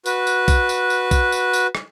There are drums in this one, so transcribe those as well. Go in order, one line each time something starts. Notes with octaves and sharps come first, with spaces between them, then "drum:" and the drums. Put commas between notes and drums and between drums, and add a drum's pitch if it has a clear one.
F#4 B4, drum: tambourine
drum: tambourine
drum: kick, tambourine
drum: tambourine
drum: tambourine
drum: kick, tambourine
drum: tambourine
drum: tambourine
drum: rim click